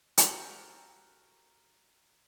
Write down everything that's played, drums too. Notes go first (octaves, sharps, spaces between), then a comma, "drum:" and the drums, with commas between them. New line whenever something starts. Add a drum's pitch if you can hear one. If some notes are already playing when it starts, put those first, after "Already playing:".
F#4 G4 A4 A#4 C5, drum: hi-hat